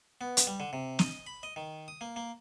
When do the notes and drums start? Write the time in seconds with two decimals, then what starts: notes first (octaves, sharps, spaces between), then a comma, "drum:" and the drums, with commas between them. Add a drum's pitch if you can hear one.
0.21 B3
0.37 drum: hi-hat
0.47 G3
0.60 D3
0.73 C3
0.99 D#5, drum: snare
1.27 B5
1.43 D#5
1.56 D#3
1.88 D#6
2.01 A#3
2.16 A#3